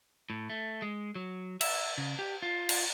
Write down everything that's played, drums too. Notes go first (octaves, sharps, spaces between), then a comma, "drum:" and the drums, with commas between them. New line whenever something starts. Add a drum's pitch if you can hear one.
A2
A3
G#3
F#3
E5, drum: cymbal
C#3
G4
F4
drum: cymbal